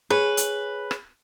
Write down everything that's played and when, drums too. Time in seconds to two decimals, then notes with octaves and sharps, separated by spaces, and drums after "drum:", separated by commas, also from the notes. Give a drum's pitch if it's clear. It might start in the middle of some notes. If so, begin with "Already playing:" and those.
0.10 G#4 B4 C#5
0.37 drum: hi-hat
0.91 drum: rim click